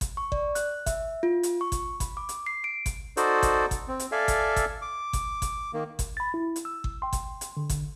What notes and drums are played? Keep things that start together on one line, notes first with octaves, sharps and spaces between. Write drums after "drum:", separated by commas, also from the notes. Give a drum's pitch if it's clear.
drum: kick G1, hi-hat
C#6
D5, drum: kick G1
F#6, drum: hi-hat
E5, drum: kick G1, hi-hat
F4
drum: hi-hat
C#6
drum: kick G1, hi-hat
B5, drum: kick G1, hi-hat
D6
drum: hi-hat
C7
D7
drum: kick G1, hi-hat
D#4 F#4 A4 C5 D5, drum: hi-hat
drum: kick G1, hi-hat
drum: kick G1, hi-hat
C4
drum: hi-hat
A4 D5 E5 F5 G#5
drum: kick G1, hi-hat
drum: kick G1, hi-hat
D6
drum: kick G1, hi-hat
drum: kick G1, hi-hat
D#3 A#3
drum: kick G1, hi-hat
B5 A6
E4
drum: hi-hat
E6
drum: kick G1
G5 C6
drum: kick G1, hi-hat
drum: hi-hat
D3
drum: kick G1, hi-hat